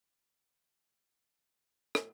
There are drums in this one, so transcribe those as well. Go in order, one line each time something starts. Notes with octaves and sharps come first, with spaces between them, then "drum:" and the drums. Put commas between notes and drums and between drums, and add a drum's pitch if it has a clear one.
G#4
A#4 A5
drum: rim click